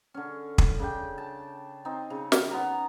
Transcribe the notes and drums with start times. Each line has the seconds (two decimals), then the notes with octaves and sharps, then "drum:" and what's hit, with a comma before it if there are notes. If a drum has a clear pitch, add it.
0.14 D3 C#4
0.58 drum: kick
0.79 C#3 D4 G5
1.18 A5
1.85 C4 D#4
2.10 C#3
2.32 drum: snare
2.51 B3 A#5